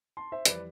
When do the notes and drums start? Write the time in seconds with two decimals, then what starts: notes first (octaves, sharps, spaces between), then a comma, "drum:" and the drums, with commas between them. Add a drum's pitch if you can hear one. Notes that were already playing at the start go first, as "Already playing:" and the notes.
0.17 A5 C6
0.32 C5 E5
0.45 F2 E3 G3 B4 D5, drum: hi-hat